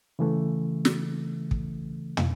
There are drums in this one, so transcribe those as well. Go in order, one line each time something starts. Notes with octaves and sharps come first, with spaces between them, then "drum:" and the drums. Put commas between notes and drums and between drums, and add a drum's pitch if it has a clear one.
C#3 E3 A3
drum: snare
drum: kick
drum: tom